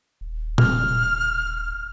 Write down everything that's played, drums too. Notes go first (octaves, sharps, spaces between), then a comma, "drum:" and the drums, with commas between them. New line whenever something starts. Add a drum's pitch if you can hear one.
D#1
F6, drum: tom A#2